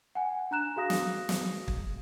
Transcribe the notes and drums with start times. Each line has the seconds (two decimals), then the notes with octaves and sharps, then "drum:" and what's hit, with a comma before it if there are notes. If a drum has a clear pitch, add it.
0.15 F#5 G#5
0.51 D4 A#5 F#6 E7
0.76 F#4 G#4 F5 D#6 A#6
0.90 drum: snare
1.29 drum: snare
1.68 drum: kick